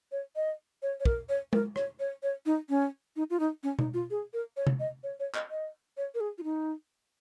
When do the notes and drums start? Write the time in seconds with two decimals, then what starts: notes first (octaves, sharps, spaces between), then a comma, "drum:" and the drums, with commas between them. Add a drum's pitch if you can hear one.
0.12 C#5
0.36 D#5
0.82 C#5
1.00 C#5
1.05 A#4, drum: kick
1.29 C#5
1.53 A#4, drum: tom G#3
1.76 C#5, drum: rim click
2.00 C#5
2.23 C#5
2.46 D#4
2.69 C#4
3.16 D#4
3.30 F4
3.40 D#4
3.63 C#4
3.79 D#4, drum: tom B2
3.94 F4
4.10 G#4
4.33 A#4
4.57 C#5
4.67 drum: tom C3
4.80 D#5
5.03 C#5
5.20 C#5
5.35 D#5, drum: clap
5.51 D#5
5.97 C#5
6.15 A#4
6.20 G#4
6.38 F4
6.44 D#4